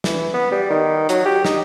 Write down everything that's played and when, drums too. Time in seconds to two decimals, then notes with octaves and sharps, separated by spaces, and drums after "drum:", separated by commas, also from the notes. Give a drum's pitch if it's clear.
0.04 E3, drum: snare
0.34 B3
0.51 G3
0.70 D#3
1.09 F#3, drum: hi-hat
1.25 G4
1.45 D#4, drum: snare